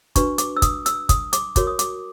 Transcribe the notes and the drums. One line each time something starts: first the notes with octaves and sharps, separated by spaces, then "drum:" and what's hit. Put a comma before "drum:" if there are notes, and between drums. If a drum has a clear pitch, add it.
D4 F#4 B4 C#6, drum: kick, hi-hat
D6, drum: hi-hat
E6
D#6, drum: kick, hi-hat
E6, drum: hi-hat
D#6, drum: kick, hi-hat
D6, drum: hi-hat
F#4 A#4 C#5 D6, drum: kick, hi-hat
D#6
D6, drum: hi-hat